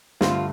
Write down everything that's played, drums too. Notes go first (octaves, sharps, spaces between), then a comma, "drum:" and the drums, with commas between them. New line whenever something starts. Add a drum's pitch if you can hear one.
G2 D3 A3 C4 F4, drum: snare